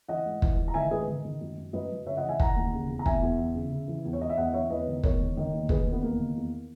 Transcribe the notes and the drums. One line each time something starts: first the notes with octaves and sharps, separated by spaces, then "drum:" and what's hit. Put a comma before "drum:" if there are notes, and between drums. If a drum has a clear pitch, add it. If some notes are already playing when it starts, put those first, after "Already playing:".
E3 D#5 F#5
G#2
E3, drum: kick
E3
A#5
D#3 E5 G#5
G#2 G#4 B4
D#3
D#3
F#2
F#2
F#2 B4 D#5
F#2
C#3 C#5 E5
D#5 F#5
E3
E5 G#5
E3 F#5 A#5, drum: kick
D#2
C#3
E2
A#5
E2 E5 G#5, drum: kick
E2
E3
C#3
C#3
E3
E2
C#5
E3 D#5
E5
E2 D#5 F#5
E3 C#5 E5
E2 B4 D#5
D#3
E2 A#4 C#5, drum: kick
D#3
D#3
D#2
D#3 G#4 B4, drum: kick
D#2
B3
E2 A#3
D#3
E2